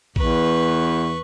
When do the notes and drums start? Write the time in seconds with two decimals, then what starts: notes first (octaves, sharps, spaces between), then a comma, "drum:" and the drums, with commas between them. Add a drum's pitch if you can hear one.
0.16 E2 B4 C#6, drum: kick